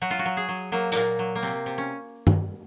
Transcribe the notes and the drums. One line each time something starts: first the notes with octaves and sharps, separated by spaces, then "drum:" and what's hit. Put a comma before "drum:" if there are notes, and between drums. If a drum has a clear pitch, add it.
F#3 F#4
F4
F#4
F#3
G#4
F#3
F#3 A#3
A#2 A#3, drum: hi-hat
F#3
A#3
C3 C4
C3
C#4
drum: tom G2